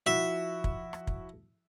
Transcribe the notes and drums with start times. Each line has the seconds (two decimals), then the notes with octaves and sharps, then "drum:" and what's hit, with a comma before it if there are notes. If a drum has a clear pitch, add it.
0.06 F3 E4 F#4 E5
0.64 drum: kick
0.93 drum: rim click
1.07 drum: kick